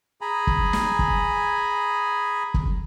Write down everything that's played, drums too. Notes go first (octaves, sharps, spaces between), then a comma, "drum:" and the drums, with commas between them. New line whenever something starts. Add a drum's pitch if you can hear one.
G#4 G#5 A#5 B5
drum: kick
drum: snare
drum: kick
drum: kick